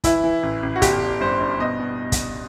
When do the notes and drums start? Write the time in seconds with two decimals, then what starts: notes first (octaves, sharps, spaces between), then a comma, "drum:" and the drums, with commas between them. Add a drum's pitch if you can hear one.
0.04 E3 E4, drum: kick, hi-hat
0.24 E3
0.43 A1
0.63 A1
0.76 F#4
0.82 G1 G4, drum: kick, hi-hat
1.02 G1
1.21 G2 C5
1.40 G2
1.60 B2 D#5
1.80 B2
2.12 drum: kick, hi-hat